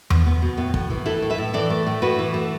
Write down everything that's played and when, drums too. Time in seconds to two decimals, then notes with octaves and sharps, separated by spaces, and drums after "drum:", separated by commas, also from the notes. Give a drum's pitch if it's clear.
0.10 B3, drum: tom E2
0.26 B3
0.42 B2
0.57 A2 B3
0.74 A2, drum: kick
0.90 E3
1.06 A3 E4 A4
1.22 A2
1.30 B4 E5
1.38 A2
1.54 E3 A4 D5
1.70 A3
1.87 A2
2.02 A2 F#4 B4
2.19 E3
2.34 A3